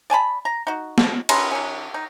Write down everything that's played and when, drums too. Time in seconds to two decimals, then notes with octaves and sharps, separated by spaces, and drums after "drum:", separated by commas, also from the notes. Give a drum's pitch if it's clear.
0.10 D5 G#5 A5 B5
0.45 A#5
0.67 D#4 F#4
0.98 drum: snare
1.29 C#4 B4 A#5 C6, drum: cymbal
1.52 D#3 C#4
1.94 D#4